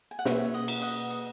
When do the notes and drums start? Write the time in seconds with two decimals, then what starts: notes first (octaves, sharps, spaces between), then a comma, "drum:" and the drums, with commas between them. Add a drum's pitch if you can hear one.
0.11 G#5
0.19 F#5
0.25 B2 A#3 C#4 G#4 B4 C#5 E5, drum: snare
0.54 D#5 F#5
0.68 drum: cymbal
0.82 D#5 F#5
1.10 D#5 F#5